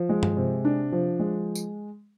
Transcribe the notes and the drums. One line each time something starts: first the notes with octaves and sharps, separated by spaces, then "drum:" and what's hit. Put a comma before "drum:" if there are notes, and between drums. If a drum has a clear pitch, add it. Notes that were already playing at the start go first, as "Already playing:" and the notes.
Already playing: F3
G#3
drum: tom G2
C3
D4
F3
G#3
drum: tambourine